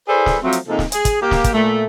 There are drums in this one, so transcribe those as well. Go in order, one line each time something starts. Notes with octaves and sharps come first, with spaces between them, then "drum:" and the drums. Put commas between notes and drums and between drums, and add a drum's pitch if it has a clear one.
E4 G#4 A4 B4 C5 D5
drum: snare
F3 F#3 A3 C4
drum: hi-hat
C3 F3 G#3 A#3 D#4 A4
drum: snare
G#4, drum: hi-hat
drum: kick, hi-hat
A#3 G4
drum: snare
drum: kick, hi-hat
A#2 A3